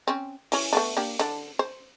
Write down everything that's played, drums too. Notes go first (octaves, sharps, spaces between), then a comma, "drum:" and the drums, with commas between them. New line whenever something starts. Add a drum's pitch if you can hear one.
C4 C#4
E3 C#4, drum: open hi-hat
A3 B3 D4
A#3 D4 G4
D3 D4, drum: hi-hat
C5